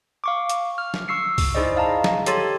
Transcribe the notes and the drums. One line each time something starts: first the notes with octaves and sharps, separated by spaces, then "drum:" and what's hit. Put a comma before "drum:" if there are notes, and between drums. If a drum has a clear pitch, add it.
F5 C#6 D6
drum: hi-hat
F6
drum: snare
C#6 E6 C7 C#7
drum: kick C#2, open hi-hat
D#4 E4 G#4 C5 D5 D#5
D#5 F5 A5 A#5
drum: snare
G4 A4 C#5 C6 A6, drum: hi-hat